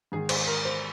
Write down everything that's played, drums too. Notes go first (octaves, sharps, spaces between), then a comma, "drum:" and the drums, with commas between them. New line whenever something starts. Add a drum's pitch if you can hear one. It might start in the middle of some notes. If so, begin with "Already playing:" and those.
G#2 D#3 G#4
C5, drum: cymbal
A#4
C5